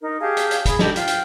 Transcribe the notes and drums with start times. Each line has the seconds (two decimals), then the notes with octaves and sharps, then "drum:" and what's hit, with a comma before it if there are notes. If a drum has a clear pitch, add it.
0.01 D#4 A#4
0.21 G4 G#4 F5 A5
0.37 drum: hi-hat
0.51 drum: hi-hat
0.66 G#4 B5, drum: kick, hi-hat
0.79 G4 A4 D#5, drum: snare
0.96 F4 G5 F6, drum: hi-hat
1.07 drum: hi-hat